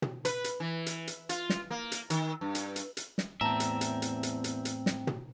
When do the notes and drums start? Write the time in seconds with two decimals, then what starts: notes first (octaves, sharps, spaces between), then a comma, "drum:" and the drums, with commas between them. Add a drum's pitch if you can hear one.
0.02 drum: tom
0.25 B4, drum: hi-hat
0.44 drum: hi-hat
0.60 E3
0.86 drum: hi-hat
1.07 drum: hi-hat
1.29 F4, drum: hi-hat
1.50 drum: snare
1.71 A#3
1.92 drum: hi-hat
2.10 D#3, drum: hi-hat
2.41 G2
2.55 drum: hi-hat
2.76 drum: hi-hat
2.97 drum: hi-hat
3.18 drum: snare
3.41 E2 A2 C4 E5 A5 A#5
3.60 drum: hi-hat
3.81 drum: hi-hat
4.02 drum: hi-hat
4.23 drum: hi-hat
4.44 drum: hi-hat
4.65 drum: hi-hat
4.86 drum: snare
5.07 drum: tom